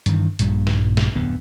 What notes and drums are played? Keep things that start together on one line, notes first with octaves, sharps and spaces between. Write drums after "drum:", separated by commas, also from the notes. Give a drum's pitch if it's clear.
G2 D#3 E3, drum: hi-hat
A#1 G2 A#2 G3, drum: hi-hat
drum: snare
drum: snare
D1 F2 D3 B3